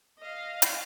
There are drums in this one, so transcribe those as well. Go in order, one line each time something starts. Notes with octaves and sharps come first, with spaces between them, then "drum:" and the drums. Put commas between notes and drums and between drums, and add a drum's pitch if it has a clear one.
D#5 F5
drum: hi-hat